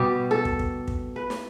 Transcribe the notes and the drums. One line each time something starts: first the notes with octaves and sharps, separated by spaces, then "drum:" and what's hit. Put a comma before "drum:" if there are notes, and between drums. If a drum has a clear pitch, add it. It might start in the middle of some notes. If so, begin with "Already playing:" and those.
Already playing: B2 G3 G4
A4
drum: kick
drum: kick
drum: kick
B4
drum: snare